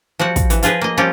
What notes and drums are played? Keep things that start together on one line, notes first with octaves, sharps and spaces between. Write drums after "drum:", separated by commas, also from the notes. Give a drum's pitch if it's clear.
F3 G3 F#4 F#5
drum: kick, hi-hat
E3, drum: hi-hat
F3 F4 G#4 B4 D#5, drum: hi-hat
A#3 D#5
F3 G3 C4 C#4 F4 G4